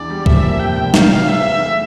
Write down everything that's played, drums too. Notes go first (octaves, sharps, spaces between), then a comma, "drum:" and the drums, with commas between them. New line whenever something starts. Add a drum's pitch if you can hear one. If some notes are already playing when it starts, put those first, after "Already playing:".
Already playing: E2 D4 D5
G3
F3 E5, drum: kick
A#3
C3 G5
F1
G3 F5, drum: snare
E3
E2 E5
E2
A3